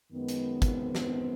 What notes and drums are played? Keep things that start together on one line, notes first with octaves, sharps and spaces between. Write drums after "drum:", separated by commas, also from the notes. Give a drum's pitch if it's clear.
F#2 D#3 G#3 B3
drum: hi-hat
C4, drum: kick, hi-hat
drum: snare